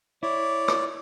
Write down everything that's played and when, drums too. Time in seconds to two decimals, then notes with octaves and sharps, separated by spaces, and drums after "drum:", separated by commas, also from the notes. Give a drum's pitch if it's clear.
0.23 E4 C#5 D5
0.68 drum: rim click